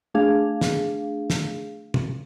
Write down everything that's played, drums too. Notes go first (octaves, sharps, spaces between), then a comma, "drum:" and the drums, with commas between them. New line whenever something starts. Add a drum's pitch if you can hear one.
A3 D4 G#4 F5
drum: snare
drum: snare
drum: tom